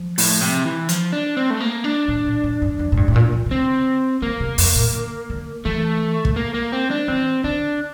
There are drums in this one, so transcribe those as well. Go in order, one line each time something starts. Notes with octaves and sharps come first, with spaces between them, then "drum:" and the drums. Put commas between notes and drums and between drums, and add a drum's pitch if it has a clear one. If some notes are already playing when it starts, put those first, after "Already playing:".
Already playing: F3
A2, drum: open hi-hat
C3
E3
F3, drum: hi-hat
D4
C4
A3
A#3
D4
A2
A#2
A2
G2
F2
A2
G2
A2
A#2
E3
C3
D3 C4
D3 A#3
C3
F2, drum: open hi-hat
A#2
D3
D3
E3 A3
drum: kick
A#3
A#3
C4
D4
E3 C4
D3 D4